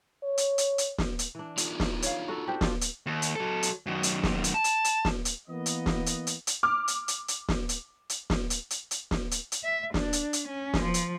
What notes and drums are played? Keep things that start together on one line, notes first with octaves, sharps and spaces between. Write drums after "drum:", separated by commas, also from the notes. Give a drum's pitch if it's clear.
C#5
drum: hi-hat
drum: hi-hat
drum: hi-hat
drum: snare
drum: hi-hat
E3 D4
D#4 F4 G#4, drum: hi-hat
drum: snare
C#5 F5, drum: hi-hat
F#4 A4 A#5
D4 G4 C5
F4 D5, drum: snare
drum: hi-hat
D#2
drum: hi-hat
F#3 A4
drum: hi-hat
F#2 D#3
drum: hi-hat
drum: snare
drum: hi-hat
A5
drum: hi-hat
drum: hi-hat
drum: snare
drum: hi-hat
E3 A#3 B3 D#5
drum: hi-hat
drum: snare
drum: hi-hat
drum: hi-hat
drum: hi-hat
D6 F6
drum: hi-hat
drum: hi-hat
drum: hi-hat
drum: snare
drum: hi-hat
drum: hi-hat
drum: snare
drum: hi-hat
drum: hi-hat
drum: hi-hat
drum: snare
drum: hi-hat
drum: hi-hat
E5
D4, drum: snare
drum: hi-hat
drum: hi-hat
C#4
drum: snare
F3
drum: hi-hat